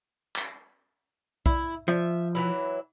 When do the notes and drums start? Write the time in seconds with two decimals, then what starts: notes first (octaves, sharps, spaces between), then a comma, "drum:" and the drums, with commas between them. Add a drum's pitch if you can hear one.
0.36 drum: clap
1.46 E4, drum: kick B1
1.88 F3 E5
2.35 E3 F#3 E4